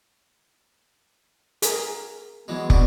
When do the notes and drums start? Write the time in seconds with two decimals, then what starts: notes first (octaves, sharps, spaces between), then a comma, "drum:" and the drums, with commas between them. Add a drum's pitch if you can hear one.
1.62 G#4 A#4, drum: hi-hat
2.48 E3 F#3 G#3 B3
2.70 B3 D4 F#4, drum: kick